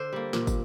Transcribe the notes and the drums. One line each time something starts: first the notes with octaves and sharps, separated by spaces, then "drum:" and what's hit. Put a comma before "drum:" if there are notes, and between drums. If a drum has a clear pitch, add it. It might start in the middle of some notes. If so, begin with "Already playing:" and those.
Already playing: D3 C5
G3 A#3
A#2, drum: snare
drum: kick, tambourine